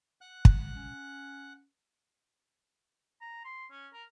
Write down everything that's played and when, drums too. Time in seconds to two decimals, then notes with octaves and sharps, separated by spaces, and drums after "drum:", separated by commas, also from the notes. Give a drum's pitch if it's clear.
0.21 F#5 F#6
0.45 drum: kick
0.75 C#4
3.21 A#5
3.44 C6
3.71 C#4
3.93 A#4